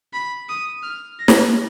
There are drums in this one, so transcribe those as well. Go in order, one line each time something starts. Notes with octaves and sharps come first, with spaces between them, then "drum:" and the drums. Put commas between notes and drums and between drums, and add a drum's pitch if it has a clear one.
B5
D#6
F6
A#6
drum: snare